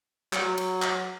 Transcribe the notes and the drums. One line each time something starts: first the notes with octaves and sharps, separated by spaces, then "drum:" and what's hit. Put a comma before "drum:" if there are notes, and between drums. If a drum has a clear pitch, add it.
F#3, drum: clap
drum: cymbal
drum: clap